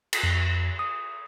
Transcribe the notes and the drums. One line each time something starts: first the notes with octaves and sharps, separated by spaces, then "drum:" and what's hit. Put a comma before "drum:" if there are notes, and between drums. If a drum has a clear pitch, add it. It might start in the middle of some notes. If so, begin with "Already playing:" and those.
drum: cymbal
F2
D#6